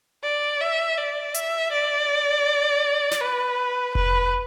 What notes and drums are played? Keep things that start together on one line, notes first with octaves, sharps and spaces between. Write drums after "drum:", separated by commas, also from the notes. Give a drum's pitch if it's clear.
D5
E5
D5
E5, drum: hi-hat
D5
drum: snare
B4
B4, drum: kick F1